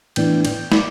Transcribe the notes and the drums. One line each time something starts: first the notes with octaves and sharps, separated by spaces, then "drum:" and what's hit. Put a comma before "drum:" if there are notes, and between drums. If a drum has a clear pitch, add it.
A2 E3 B3 D4 G5, drum: cymbal
G5, drum: cymbal
D5, drum: snare